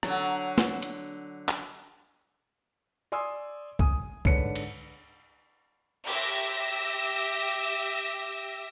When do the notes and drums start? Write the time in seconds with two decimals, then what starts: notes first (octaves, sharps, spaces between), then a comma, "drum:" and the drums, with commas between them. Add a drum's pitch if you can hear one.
0.03 D3 F#3, drum: rim click
0.58 drum: snare
0.82 drum: hi-hat
1.49 drum: clap
3.12 D5 G#5 C6 D#6 E6
3.79 G#5 D#6, drum: kick C2
4.25 G#2 D3 D4 B4 C#5 C#7, drum: kick C2
4.56 drum: cymbal
6.07 G4 E5 E6 A#6, drum: cymbal